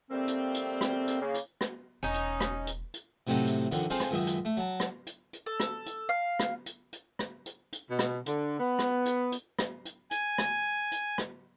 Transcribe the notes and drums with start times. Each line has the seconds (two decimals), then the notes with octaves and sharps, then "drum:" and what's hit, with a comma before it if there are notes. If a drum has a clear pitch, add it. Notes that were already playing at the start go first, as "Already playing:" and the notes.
0.11 F3 G3 A3 A#3 C4
0.28 drum: hi-hat
0.54 drum: hi-hat
0.81 drum: rim click
1.08 drum: hi-hat
1.21 C#3 A#3
1.34 drum: hi-hat
1.61 drum: rim click
2.03 E1 C#4 D#4
2.14 drum: hi-hat
2.41 drum: rim click
2.67 drum: hi-hat
2.94 drum: hi-hat
3.27 A2 C3 F#3 C4 D#4 A4
3.47 drum: hi-hat
3.71 F2 D3 D#3, drum: hi-hat
3.90 C4 D#4 F4 G#4 A4 C5
4.00 drum: rim click
4.11 C#2 F#2 D#3 E5 D#6
4.27 drum: hi-hat
4.45 A3
4.57 F#3 A5
4.80 drum: rim click
5.06 drum: hi-hat
5.33 drum: hi-hat
5.46 A4
5.60 drum: rim click
5.86 drum: hi-hat
6.09 F5
6.39 drum: rim click
6.66 drum: hi-hat
6.93 drum: hi-hat
7.19 drum: rim click
7.46 drum: hi-hat
7.72 drum: hi-hat
7.89 B2
7.99 drum: rim click
8.26 D3, drum: hi-hat
8.59 B3
8.79 drum: rim click
9.05 drum: hi-hat
9.32 drum: hi-hat
9.59 drum: rim click
9.85 drum: hi-hat
10.11 G#5, drum: hi-hat
10.38 drum: rim click
10.92 drum: hi-hat
11.18 drum: rim click